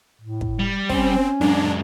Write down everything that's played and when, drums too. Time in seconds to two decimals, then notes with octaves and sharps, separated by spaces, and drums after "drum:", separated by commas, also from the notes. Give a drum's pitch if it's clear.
0.21 A2
0.41 drum: kick
0.60 G3
0.89 C4 C#4, drum: kick
1.41 F#2 G#3 D4